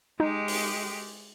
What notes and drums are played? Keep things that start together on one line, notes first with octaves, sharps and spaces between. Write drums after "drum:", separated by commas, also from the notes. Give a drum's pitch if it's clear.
G#3 D#4 G4
drum: open hi-hat